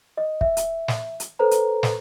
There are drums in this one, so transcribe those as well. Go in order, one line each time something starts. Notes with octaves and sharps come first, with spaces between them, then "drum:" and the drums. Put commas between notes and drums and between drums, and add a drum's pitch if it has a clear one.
D#5
E5, drum: kick
drum: hi-hat
drum: snare
drum: hi-hat
A4 B4 C5 A#5
drum: hi-hat
drum: snare